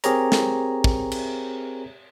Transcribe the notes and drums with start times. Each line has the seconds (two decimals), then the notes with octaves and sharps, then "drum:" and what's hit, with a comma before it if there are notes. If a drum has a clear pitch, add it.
0.04 C4 G4 G#4 A#4 C#5 A#5, drum: hi-hat
0.32 drum: snare
0.84 drum: kick
1.12 drum: cymbal